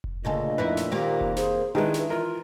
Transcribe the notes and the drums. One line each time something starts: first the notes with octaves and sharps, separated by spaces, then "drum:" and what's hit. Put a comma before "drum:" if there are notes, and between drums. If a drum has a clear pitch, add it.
drum: kick F1
D2 A#2 C#3 A4 D#5
F2 D#4 E4 B4
drum: snare
D#3 A#3 C4 G4
drum: kick F1
G#4 C5, drum: snare
D#3 G#3 D4 E4 A4 B4
drum: snare
E3 F4 A#4